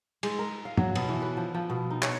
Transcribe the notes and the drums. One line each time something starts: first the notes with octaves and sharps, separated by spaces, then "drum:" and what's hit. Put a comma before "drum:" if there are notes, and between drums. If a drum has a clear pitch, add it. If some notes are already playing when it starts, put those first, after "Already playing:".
G#3, drum: cymbal
A#4
F5
F#3, drum: tom
B2, drum: cymbal
E3
B4
F3
F3
B2
D#4
C#5, drum: clap